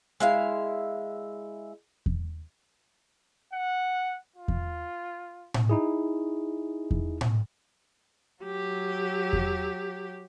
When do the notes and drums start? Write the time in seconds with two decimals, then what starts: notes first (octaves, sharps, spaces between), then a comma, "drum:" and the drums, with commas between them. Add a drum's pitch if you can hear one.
0.20 G#3 E4 F5
2.06 drum: kick E2
3.53 F#5
4.36 F4
4.48 drum: kick E2
5.54 drum: tom A2
5.69 D#4 E4 G#4
6.91 drum: kick E2
7.21 drum: tom A2
8.43 F#3 G4
9.33 drum: kick E2